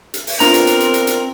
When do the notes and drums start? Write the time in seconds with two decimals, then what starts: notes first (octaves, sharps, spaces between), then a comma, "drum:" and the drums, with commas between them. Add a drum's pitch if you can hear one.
0.14 drum: hi-hat
0.27 drum: open hi-hat
0.40 B3 C4 D4 F4 A#4 A#5, drum: hi-hat
0.54 drum: hi-hat
0.67 drum: hi-hat
0.80 drum: hi-hat
0.94 drum: hi-hat
1.07 drum: hi-hat